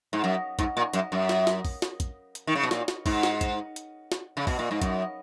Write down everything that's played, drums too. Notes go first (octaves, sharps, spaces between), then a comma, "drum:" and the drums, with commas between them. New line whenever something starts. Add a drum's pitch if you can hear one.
G#2
F#2
G#2, drum: kick, hi-hat
A#2
F#2, drum: hi-hat
F#2
drum: snare
drum: snare
drum: kick, open hi-hat
drum: snare
drum: kick, hi-hat
drum: hi-hat
D#3
C#3
B2
A#2, drum: snare
drum: snare
G#2, drum: kick, open hi-hat
drum: snare
drum: kick, hi-hat
drum: hi-hat
drum: snare
C#3
B2, drum: kick, open hi-hat
A#2
G#2
F#2, drum: kick, hi-hat